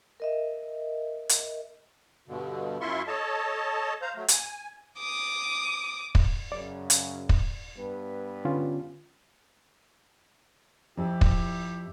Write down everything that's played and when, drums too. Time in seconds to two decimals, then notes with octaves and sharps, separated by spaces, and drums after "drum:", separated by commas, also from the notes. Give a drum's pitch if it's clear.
0.20 A#4 D#5 E5
1.29 drum: hi-hat
2.28 G2 B2 D3
2.81 F#2 E4 F4 E5 C6 C#6
3.07 A4 C#5 D#5 A5
4.02 C5 F5 A#5
4.16 F#3 A3
4.28 G#5, drum: hi-hat
5.00 D6 D#6
6.15 drum: kick
6.52 F#2 C#3 D5
6.90 drum: hi-hat
7.29 drum: kick
7.77 G2 B3 B4
8.45 D3 C#4 F4
10.97 F2 E4 G4
11.21 drum: kick